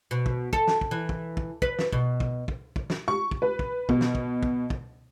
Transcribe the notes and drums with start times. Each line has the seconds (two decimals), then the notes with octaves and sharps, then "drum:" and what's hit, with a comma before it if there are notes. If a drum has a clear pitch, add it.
0.11 B2
0.26 drum: kick
0.53 A4, drum: kick
0.68 drum: snare
0.81 drum: kick
0.91 E3
1.09 drum: kick
1.37 drum: kick
1.62 B4, drum: kick
1.79 drum: snare
1.93 B2, drum: kick
2.20 drum: kick
2.48 drum: kick
2.76 drum: kick
2.90 drum: snare
3.08 C#6
3.31 drum: kick
3.42 B4
3.59 drum: kick
3.89 B2, drum: kick
4.01 drum: snare
4.15 drum: kick
4.43 drum: kick
4.70 drum: kick